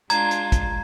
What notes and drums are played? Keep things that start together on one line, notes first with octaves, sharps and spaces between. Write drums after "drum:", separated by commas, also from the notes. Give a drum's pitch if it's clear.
G#3 D4 F4 A#5 G#6, drum: hi-hat
drum: hi-hat
drum: kick, hi-hat